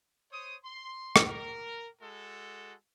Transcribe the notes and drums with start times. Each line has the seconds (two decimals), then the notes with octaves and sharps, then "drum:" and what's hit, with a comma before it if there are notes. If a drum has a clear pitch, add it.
0.32 C5 C#5 D#6
0.64 C6
1.16 drum: rim click
1.28 A#4
2.01 G#3 F#4 A4